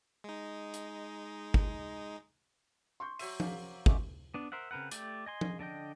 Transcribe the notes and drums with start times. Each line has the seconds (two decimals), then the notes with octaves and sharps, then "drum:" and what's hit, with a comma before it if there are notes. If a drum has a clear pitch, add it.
0.24 G#3 D#4
0.74 drum: hi-hat
1.54 drum: kick
3.00 C6 C#6 G6
3.19 F#3 C5 E5 D#7, drum: open hi-hat
3.40 A#3, drum: tom F3
3.86 D3 G#3 A3 D6, drum: kick
4.34 B3 D4
4.52 A#4 C5 E5 F#5
4.71 C#3 C4 A#4 B4 F#5
4.91 A3 G4 D5, drum: hi-hat
5.26 D#5 G#5 C6
5.41 drum: tom F3
5.59 D3 D4 D#5 G5